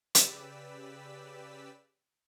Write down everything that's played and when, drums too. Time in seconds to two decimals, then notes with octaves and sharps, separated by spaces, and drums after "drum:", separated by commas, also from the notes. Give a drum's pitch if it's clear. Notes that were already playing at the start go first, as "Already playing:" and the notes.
0.15 C#3 G4 B4 D5 E6 B6, drum: hi-hat